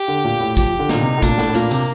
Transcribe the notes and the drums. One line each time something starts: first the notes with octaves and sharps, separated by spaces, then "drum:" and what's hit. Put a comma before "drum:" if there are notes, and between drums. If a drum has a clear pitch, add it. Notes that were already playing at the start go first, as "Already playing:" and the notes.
Already playing: G4
D3
A#2
A2
F3 G4, drum: kick, hi-hat
D3
A#2 D#4, drum: snare
C3
A2
A#2 D4, drum: kick, hi-hat
A2, drum: snare
A2
A#2 A#3, drum: hi-hat
C3, drum: hi-hat